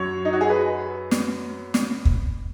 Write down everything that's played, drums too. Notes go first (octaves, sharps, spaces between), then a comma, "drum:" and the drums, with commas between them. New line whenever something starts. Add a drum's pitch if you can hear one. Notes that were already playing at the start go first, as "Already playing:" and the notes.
Already playing: F#2 F#3 C#5
D#4
F#4
G#4
B4
drum: snare
drum: snare
drum: kick